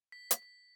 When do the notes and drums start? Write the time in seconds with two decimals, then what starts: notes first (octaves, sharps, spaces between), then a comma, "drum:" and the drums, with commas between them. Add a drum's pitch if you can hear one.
0.12 B6
0.31 drum: hi-hat